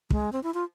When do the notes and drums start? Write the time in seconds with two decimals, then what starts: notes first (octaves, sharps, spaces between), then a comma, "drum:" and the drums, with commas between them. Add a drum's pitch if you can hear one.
0.11 G#3, drum: kick
0.33 C4
0.43 E4
0.54 F4